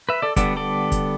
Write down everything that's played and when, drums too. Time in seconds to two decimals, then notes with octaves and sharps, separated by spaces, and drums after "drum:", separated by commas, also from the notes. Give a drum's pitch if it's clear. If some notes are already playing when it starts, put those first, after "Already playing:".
0.09 B4 E5
0.22 A4 D5
0.36 D3 G3 B3 A4 D5, drum: kick, hi-hat
0.57 A4 D5
0.92 drum: kick, hi-hat